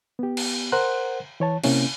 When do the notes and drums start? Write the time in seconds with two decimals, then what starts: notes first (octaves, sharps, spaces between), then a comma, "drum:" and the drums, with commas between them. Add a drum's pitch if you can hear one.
0.19 B3 G4
0.37 drum: cymbal
0.72 A#4 C5 F#5 C6 F#6
1.40 E3 C#5 A5
1.64 C3 A#3 C#4 E4, drum: cymbal